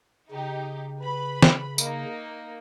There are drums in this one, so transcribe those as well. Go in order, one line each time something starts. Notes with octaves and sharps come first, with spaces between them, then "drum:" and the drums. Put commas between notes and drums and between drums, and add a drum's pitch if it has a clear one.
C#3 D#4 G4
B4 B5
drum: snare
A#3 D#4, drum: tambourine